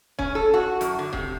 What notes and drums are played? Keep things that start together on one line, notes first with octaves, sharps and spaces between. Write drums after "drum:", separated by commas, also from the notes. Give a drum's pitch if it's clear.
C#4, drum: kick
A4
F#4
F#2, drum: hi-hat
D3
C3, drum: kick